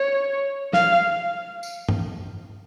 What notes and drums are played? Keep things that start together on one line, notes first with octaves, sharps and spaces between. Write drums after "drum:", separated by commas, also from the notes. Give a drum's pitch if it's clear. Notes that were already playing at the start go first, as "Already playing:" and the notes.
Already playing: C#5
F5, drum: snare
drum: tambourine
drum: tom